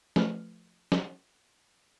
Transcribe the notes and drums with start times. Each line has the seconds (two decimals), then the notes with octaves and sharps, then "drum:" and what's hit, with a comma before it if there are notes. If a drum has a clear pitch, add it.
0.16 F3 A3 B4 F6, drum: snare
0.92 drum: snare